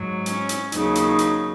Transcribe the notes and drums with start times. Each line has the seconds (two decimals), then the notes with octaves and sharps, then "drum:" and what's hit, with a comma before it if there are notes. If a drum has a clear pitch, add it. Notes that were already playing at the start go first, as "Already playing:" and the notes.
Already playing: G#2 F#3
0.26 C#4, drum: hi-hat
0.49 drum: hi-hat
0.72 D#2 C#3 F#3 D#4, drum: hi-hat
0.95 drum: hi-hat
1.19 drum: hi-hat